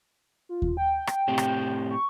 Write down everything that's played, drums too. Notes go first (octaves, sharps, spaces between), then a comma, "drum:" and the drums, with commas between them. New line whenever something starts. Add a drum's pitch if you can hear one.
F4
drum: kick D#2
G5
drum: rim click
A2 C4 G4
drum: rim click
C#6